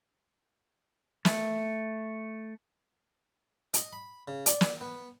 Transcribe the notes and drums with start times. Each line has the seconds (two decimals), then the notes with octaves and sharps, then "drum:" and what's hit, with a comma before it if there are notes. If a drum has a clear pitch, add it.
1.25 A3, drum: snare
3.74 D#5, drum: hi-hat
3.93 B5
4.28 C#3
4.46 D5, drum: hi-hat
4.61 drum: snare
4.81 B3